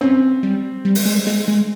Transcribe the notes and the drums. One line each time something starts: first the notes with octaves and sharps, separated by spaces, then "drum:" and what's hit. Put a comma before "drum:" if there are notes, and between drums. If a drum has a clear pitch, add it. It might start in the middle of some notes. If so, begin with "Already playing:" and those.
C4 C#4
G3
G3
drum: open hi-hat
G#3
G#3, drum: snare
G#3